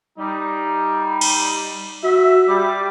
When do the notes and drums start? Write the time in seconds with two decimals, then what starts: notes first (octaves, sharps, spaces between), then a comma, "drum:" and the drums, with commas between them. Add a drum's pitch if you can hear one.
0.18 G3 D#4
1.21 drum: cymbal
2.03 F#4 E5
2.48 G3 D6